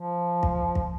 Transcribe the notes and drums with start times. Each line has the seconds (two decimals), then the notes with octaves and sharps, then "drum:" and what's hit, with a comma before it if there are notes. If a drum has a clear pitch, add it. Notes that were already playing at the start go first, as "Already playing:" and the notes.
Already playing: F3
0.43 drum: kick
0.75 drum: kick